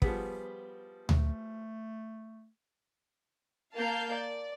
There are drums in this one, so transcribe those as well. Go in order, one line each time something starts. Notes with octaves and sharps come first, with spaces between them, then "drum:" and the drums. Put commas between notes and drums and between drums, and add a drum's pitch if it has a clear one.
F3 G3 B3 G#4, drum: kick
A3, drum: tom D2
A#3 F5 A5 G6
D5